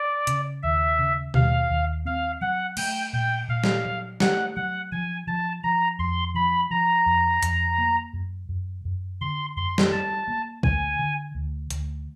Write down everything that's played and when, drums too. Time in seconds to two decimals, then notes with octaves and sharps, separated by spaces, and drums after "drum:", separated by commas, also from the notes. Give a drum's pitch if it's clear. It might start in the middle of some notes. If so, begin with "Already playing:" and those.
Already playing: D5
0.27 C#3, drum: hi-hat
0.63 D#2 E5
0.99 C#3
1.34 D#2 F5, drum: tom B2
1.70 D#2
2.05 C4 F5
2.41 F#3 F#5
2.77 A3 G5, drum: cymbal
3.13 A#2 G5
3.48 A#2 F5
3.64 drum: snare
3.85 F#3
4.20 A3 F#5, drum: snare
4.56 F#3 F#5
4.92 F3 G#5
5.27 F3 A5
5.63 F3 A#5
5.99 F2 C6
6.34 F3 B5
6.70 F3 A#5
7.06 F2
7.43 F2, drum: hi-hat
7.78 A#3
8.13 F#2
8.49 F#2
8.85 F#2
9.21 D3 C6
9.57 F#2 C6
9.78 drum: snare
9.92 G3 A5
10.28 A#3
10.63 D2 G#5, drum: kick
10.99 D3
11.35 D2
11.70 D2, drum: hi-hat